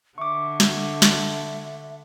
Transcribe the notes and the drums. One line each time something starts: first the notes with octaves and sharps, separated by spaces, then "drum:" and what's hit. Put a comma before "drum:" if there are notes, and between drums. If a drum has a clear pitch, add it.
D3 E5 C#6 D6
drum: snare
drum: snare